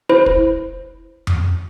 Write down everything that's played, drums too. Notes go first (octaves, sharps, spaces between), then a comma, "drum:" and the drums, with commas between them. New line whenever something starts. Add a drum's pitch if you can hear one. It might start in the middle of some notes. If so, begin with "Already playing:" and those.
E4 B4 C5
drum: kick
drum: tom F2